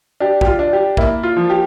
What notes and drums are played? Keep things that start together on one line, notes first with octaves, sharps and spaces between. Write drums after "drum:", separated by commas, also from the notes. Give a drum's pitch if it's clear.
D4 G4
G4, drum: kick
F4
D4
G4
A#3 E4, drum: kick
F4
F3
G4